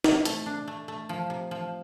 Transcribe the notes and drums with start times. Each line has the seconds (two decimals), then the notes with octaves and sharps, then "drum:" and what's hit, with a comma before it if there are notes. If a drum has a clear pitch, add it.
0.04 C3, drum: snare
0.25 A3, drum: hi-hat
0.46 D4
0.68 A3
0.88 A3
1.09 F3
1.30 C3
1.51 F3